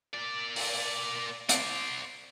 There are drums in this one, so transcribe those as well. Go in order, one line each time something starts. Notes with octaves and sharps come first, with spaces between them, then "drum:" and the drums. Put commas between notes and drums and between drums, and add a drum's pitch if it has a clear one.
A#3 D5
drum: open hi-hat
C5 D5, drum: hi-hat